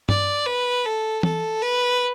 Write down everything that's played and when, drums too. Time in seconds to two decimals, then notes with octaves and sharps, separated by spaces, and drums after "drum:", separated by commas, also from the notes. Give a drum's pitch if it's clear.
0.09 D5, drum: tom G2
0.46 B4
0.85 A4
1.23 A4, drum: tom
1.62 B4